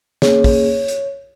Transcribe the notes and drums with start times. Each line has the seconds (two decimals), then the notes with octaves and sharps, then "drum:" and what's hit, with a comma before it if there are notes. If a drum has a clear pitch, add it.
0.22 A#3 C#4 G#4 C#5, drum: snare
0.44 drum: kick, open hi-hat
0.88 drum: hi-hat